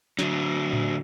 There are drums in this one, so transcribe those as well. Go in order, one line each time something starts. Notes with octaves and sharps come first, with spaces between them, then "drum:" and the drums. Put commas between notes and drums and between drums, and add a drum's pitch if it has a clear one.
D3 F#3, drum: snare
drum: tom A2